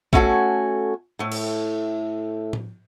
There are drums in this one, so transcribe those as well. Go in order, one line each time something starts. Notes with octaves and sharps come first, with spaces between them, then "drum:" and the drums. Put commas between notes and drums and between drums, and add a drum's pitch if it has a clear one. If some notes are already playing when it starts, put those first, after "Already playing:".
A3 C#4 E4 F#4 A4 G#5, drum: kick A#1
A2 A3
drum: cymbal
drum: tom A2